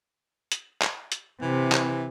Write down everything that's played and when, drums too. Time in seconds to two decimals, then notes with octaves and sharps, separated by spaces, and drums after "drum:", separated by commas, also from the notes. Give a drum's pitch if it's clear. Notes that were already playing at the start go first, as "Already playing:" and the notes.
0.52 drum: hi-hat
0.82 drum: clap
1.12 drum: hi-hat
1.42 C3 E3
1.72 drum: clap